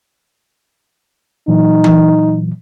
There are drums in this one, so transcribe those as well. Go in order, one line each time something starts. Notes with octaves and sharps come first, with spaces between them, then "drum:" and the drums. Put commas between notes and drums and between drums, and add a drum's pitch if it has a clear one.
A#2 E3 F#3 D#4
drum: tom E3